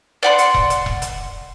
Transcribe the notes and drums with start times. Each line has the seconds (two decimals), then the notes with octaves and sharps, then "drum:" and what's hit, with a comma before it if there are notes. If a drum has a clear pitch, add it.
0.23 D5 F#5 C6
0.38 drum: hi-hat
0.54 drum: kick E1
0.70 drum: hi-hat
0.86 drum: kick E1
1.02 drum: hi-hat